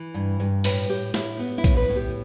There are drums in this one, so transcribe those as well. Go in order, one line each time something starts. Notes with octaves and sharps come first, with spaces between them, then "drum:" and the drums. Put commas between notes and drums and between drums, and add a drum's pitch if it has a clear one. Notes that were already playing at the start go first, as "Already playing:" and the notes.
Already playing: E3
G2
G2
A2 B4, drum: open hi-hat
A2 G4
A2 E4, drum: snare
B3
E4
A2, drum: kick, hi-hat
B4
A2
G4